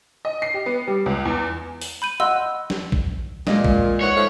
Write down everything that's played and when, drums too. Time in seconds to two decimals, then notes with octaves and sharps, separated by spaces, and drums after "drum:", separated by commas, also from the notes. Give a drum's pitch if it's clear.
0.25 D#5
0.42 C7
0.54 G4
0.66 B3
0.87 G3
1.06 C#2
1.25 E2
1.81 drum: open hi-hat
2.02 B5 G6 D#7
2.20 D#5 F#5 C6 E6
2.70 drum: snare
2.92 drum: kick
3.47 A#2 G#3 D#5 D#6, drum: snare
3.65 drum: kick
4.01 G#2 E3 C#5 F#5
4.16 G#2 F3 A3